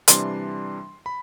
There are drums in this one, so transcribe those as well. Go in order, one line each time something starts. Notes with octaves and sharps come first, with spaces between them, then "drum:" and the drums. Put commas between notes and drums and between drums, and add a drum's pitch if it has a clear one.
C3 E3 G3 D4 C6, drum: hi-hat
B5